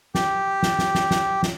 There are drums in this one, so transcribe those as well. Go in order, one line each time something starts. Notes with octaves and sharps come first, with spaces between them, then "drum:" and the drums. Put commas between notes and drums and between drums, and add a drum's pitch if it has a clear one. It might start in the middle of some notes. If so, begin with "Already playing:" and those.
G4, drum: snare
drum: snare
drum: snare
drum: snare
drum: snare
drum: snare